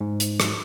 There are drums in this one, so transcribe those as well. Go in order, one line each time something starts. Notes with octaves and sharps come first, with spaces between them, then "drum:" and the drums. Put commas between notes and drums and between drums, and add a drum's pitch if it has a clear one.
G#2
drum: hi-hat
drum: rim click